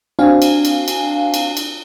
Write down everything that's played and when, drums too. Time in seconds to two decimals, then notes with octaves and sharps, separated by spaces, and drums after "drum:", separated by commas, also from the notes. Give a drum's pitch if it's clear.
0.19 C4 D4 F#4 F5 G#5
0.42 drum: cymbal
0.65 drum: cymbal
0.88 drum: cymbal
1.34 drum: cymbal
1.57 drum: cymbal